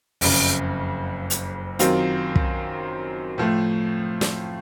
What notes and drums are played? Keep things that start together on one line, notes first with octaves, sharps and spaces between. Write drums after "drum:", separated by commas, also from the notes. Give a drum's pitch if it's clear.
F#1 F2 C#3, drum: open hi-hat
drum: hi-hat
F#2 D#3 F#3 C4 F4, drum: hi-hat
drum: kick
A2 F3 A3
drum: snare